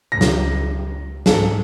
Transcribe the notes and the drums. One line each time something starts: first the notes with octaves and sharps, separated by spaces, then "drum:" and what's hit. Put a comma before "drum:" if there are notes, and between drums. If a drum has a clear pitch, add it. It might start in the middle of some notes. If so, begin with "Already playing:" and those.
C#2 A#6
drum: snare
C2 G#2 G#3 A4, drum: snare